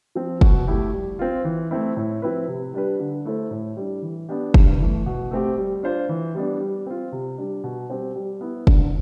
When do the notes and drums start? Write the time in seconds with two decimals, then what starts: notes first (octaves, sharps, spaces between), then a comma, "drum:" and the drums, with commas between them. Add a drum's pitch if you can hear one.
0.15 F3 C4
0.41 B2, drum: kick
0.67 A3 E4 G4
0.93 G3
1.19 C4 F4
1.45 E3
1.71 A3 C4 E4
1.97 A2
2.22 F3 C4 E4 B4
2.48 C3
2.74 G3 D4 G4 B4
3.00 D3
3.25 A3 E4 A4 C5
3.51 A2
3.77 G3 D4
4.02 E3
4.29 B3 D4 G4
4.54 G2, drum: kick
4.80 E3 A3
5.06 B2
5.31 A3 C4 G4
5.57 G3
5.83 D4 F4 C5
6.09 E3
6.35 G3 B3 D4
6.60 G3
6.86 C4 F4
7.12 C3
7.38 G3 D4
7.64 B2
7.90 G3 C4 G4 C5
8.16 G3
8.41 B3 E4
8.67 D3, drum: kick